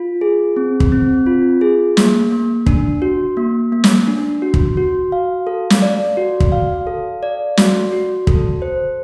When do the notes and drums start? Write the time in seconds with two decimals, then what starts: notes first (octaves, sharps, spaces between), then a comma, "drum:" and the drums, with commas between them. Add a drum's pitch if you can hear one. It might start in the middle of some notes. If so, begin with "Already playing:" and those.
Already playing: F4
0.21 G#4
0.56 C4
0.80 drum: kick
0.92 C4
1.26 F4
1.61 G#4
1.97 A#3, drum: snare
2.33 A#3
2.66 D4, drum: kick
3.02 F#4
3.37 A#3
3.72 A#3
3.84 drum: snare
4.07 D4
4.42 F#4
4.54 drum: kick
4.77 F#4
5.12 F5
5.47 A4
5.70 drum: snare
5.82 D5
6.17 F#4
6.40 drum: kick
6.52 F5
6.87 A4
7.23 D5
7.57 F#4, drum: snare
7.93 F#4
8.27 A4, drum: kick
8.62 C5